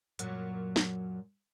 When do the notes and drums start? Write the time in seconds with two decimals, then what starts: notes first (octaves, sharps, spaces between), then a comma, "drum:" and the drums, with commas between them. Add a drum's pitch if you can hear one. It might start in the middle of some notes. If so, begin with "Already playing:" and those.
0.19 F#2 A#2 F#3, drum: hi-hat
0.76 drum: snare